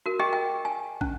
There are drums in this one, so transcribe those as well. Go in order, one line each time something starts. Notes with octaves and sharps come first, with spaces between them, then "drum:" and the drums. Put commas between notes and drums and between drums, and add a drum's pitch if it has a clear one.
F#4 A#4
G4 G#4 D#5 G5
G5
G#5
C#4, drum: kick